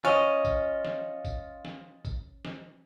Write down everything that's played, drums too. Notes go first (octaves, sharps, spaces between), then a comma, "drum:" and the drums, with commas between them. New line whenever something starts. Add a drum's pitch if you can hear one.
C#4 F4 D#5, drum: snare
drum: kick A1, tambourine
drum: snare
drum: kick A1, tambourine
drum: snare
drum: kick A1, tambourine
drum: snare